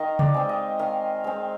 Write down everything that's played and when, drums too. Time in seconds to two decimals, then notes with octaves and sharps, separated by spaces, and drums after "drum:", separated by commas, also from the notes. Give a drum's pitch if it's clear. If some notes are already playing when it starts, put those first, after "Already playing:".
Already playing: D#3 D#5 F5
0.19 D5, drum: tom C#3
0.34 G#3 C4
0.49 D#5
0.79 D#3 F5
1.24 G#3 C4